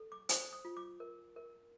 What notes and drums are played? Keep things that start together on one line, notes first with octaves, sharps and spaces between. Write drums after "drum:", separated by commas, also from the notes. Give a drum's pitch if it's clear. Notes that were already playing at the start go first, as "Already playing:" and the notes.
Already playing: A4
D6
C5 D#6, drum: hi-hat
D#6
F4
D6
A#4
A#4